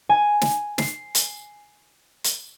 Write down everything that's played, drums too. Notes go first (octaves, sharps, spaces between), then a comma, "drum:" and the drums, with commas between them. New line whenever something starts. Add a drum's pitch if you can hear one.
G#5
drum: snare
C7, drum: snare
drum: hi-hat
drum: hi-hat